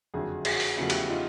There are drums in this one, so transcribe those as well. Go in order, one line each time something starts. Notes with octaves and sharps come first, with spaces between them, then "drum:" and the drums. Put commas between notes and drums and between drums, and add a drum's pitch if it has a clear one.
F#1 F2 D3 F#4 G#4
F#4 G#4, drum: cymbal
drum: open hi-hat
E2 C#3 F3 A3 E4 F#4
G4, drum: cymbal
F#4
D#4 F4